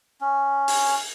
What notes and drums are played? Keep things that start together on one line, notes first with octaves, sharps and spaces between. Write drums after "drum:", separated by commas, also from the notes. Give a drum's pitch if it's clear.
C#4
drum: open hi-hat